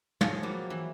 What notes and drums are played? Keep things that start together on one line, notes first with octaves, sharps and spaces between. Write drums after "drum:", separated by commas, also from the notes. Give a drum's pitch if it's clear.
F3 G#4 C#5 F5, drum: tom
F#3 G3 A#3
E3